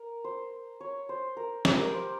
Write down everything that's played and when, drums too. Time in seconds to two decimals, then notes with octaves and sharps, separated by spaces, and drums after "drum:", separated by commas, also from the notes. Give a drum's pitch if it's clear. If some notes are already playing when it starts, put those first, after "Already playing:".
Already playing: A#4
0.24 C5
0.80 C#5
1.09 C5
1.37 A#4
1.65 G4, drum: snare
1.79 A#4
1.94 C5